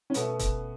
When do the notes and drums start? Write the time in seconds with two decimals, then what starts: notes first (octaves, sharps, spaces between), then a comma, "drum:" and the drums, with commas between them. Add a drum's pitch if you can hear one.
0.10 C#4
0.14 B2 A3 B3, drum: hi-hat
0.40 drum: kick, hi-hat